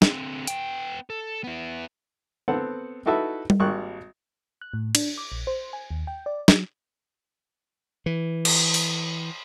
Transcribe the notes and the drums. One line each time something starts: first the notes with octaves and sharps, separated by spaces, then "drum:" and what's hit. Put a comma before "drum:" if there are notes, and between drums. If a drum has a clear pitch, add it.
D3 C4, drum: snare
B3 G5, drum: hi-hat
A4
B3 E4
B3 C4 A4 F#5
D#4 E4 F#4 A4 B4 E5
drum: tom G3
G#1 G3 A#3 C#6 F#6
F#6
A2
D4, drum: cymbal
D6
A#1
C5
G#5
D#2
G5
D5
F#3, drum: snare
E3
drum: cymbal
drum: open hi-hat